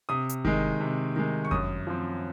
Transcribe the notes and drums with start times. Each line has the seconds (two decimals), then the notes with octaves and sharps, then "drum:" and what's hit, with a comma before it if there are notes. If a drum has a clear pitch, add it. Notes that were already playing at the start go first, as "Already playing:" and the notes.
0.09 C3 D#6
0.29 drum: hi-hat
0.45 D#3 G#3, drum: kick G1
0.80 C3
1.16 D#3 G#3
1.45 C#6
1.51 F#2 D#6, drum: kick G1
1.87 F3 C4